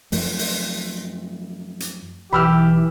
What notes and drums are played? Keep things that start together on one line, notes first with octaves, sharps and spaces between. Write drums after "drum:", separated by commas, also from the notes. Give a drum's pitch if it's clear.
F#2 F3 A3, drum: open hi-hat
drum: open hi-hat
drum: hi-hat
B1 E3 G4 B5 E6 F6